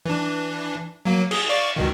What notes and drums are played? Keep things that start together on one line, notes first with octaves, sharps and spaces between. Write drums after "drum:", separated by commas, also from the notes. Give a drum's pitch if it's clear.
E3 D4
F#3 A#3
G#4, drum: cymbal
D5 F5 C#6
C#2 B2 D#3